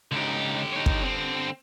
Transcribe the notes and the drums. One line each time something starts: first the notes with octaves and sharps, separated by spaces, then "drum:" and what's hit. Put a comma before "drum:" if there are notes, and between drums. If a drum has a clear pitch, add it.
C#2 D3 D#4 G4
D#4 C#5
drum: kick
C4